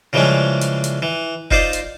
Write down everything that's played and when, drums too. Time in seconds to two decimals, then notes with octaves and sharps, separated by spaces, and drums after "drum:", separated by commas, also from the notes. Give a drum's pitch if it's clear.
0.13 C#3 E3 F3 G3 G#3 C#4
0.61 drum: hi-hat
0.84 drum: hi-hat
1.02 E3
1.51 D#4 F4 C5 D5 D#5, drum: kick F1
1.73 drum: hi-hat